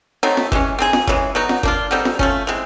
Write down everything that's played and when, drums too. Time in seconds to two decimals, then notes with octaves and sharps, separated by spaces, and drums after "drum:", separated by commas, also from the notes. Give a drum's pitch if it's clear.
0.23 F#3 A3 C4 D#4
0.37 drum: snare
0.52 E3 G#3 C#4, drum: kick G1
0.79 C4 D#4 G#4
0.93 drum: snare
1.07 C#3 E3 G#3, drum: kick G1
1.35 F#3 B3 D#4
1.49 drum: snare
1.63 A#3 D4 F4, drum: kick G1
1.91 D3 G3 C4 D#4
2.05 drum: snare
2.19 F3 A3 C#4, drum: kick G1
2.47 E3 G#3 C4